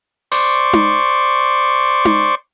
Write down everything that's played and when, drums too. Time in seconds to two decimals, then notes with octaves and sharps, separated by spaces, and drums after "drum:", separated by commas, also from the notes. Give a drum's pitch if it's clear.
0.32 C5 D5 C#6, drum: open hi-hat
0.73 drum: tom D#4
2.05 drum: tom D#4